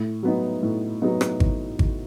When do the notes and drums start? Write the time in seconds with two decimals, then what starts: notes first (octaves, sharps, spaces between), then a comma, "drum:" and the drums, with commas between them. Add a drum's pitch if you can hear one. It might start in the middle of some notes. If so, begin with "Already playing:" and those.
Already playing: A2
0.23 F#3 B3 D#4
0.63 A2
1.02 F#3 B3 D#4
1.21 drum: rim click
1.40 drum: kick G#1
1.79 drum: kick G#1